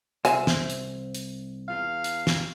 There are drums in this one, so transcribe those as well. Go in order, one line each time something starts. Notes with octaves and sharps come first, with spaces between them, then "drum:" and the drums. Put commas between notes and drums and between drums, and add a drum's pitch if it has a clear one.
C2 C5 E5 G#5, drum: hi-hat
drum: snare
drum: hi-hat
drum: hi-hat
E2 F5
drum: hi-hat
drum: snare